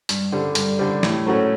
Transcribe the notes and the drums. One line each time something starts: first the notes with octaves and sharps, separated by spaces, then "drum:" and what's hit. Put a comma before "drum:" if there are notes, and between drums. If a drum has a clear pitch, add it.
G2, drum: hi-hat
D3 G3
G2, drum: hi-hat
D3 G3
A2, drum: snare
F#3 A3 C#4 F#4